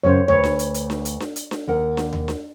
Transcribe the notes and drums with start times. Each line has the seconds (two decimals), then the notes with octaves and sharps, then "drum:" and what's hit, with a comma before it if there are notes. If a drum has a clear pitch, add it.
0.04 F#2 C#3 C#4 C5 C#5
0.28 D2 B4 C#5, drum: tom D#2
0.44 drum: snare D4
0.59 drum: hi-hat
0.74 drum: hi-hat
0.90 drum: snare D4
1.05 drum: hi-hat
1.20 drum: snare D4
1.36 drum: hi-hat
1.51 drum: snare D4
1.68 D#2 A#4 F#5
1.97 drum: snare D4
2.13 drum: tom D#2
2.28 drum: snare D4